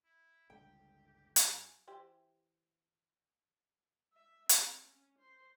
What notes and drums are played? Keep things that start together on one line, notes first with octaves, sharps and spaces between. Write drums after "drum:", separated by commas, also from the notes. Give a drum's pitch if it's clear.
E4
G1 C#2 G2 G4 A4 G5
F#2 G#5, drum: hi-hat
E3 G4 C5
E5
C4, drum: hi-hat
C#4
C5